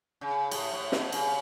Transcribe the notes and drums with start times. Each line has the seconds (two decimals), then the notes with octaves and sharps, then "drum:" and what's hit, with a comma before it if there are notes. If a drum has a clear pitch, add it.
0.21 C#3
0.51 A2, drum: cymbal
0.73 A2
0.92 B2, drum: snare
1.12 C#3, drum: cymbal